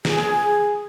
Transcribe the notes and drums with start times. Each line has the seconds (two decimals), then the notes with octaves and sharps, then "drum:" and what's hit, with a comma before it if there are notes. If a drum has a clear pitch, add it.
0.05 G#4, drum: snare